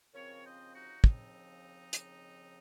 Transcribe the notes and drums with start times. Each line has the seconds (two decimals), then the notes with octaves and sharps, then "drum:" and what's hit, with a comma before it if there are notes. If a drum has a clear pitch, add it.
0.13 D#2 C#3 F3 C4 A#4 C#5
0.44 C5 D#5
0.73 D#4 F#4
1.04 D#2 C#3 F3 C4 D#4, drum: kick
1.93 D#2 C#3 F3 C4, drum: hi-hat